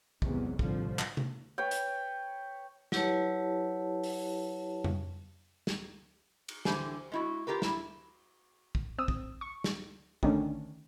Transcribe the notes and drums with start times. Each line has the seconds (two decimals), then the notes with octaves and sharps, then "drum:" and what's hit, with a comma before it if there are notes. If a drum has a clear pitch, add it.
0.22 E2 G#2 C3 F#3, drum: kick
0.59 C2 A2 D3 F3, drum: kick
0.99 drum: clap
1.17 drum: tom C3
1.58 B4 C#5 G5
1.71 drum: hi-hat
2.92 F#3 E4 G4 B4 C#5 A5, drum: snare
4.03 drum: open hi-hat
4.84 drum: tom F2
5.67 drum: snare
6.48 drum: cymbal
6.65 D3 E3 G4 C5 G#5, drum: snare
7.12 G#3 E4 F#4
7.47 F4 G4 A#4 B4
7.62 E4, drum: snare
8.75 drum: kick
8.98 C4 D#6 E6
9.08 drum: kick
9.41 C#6
9.64 drum: snare
10.23 D3 D#3 A3 C#4 D4, drum: kick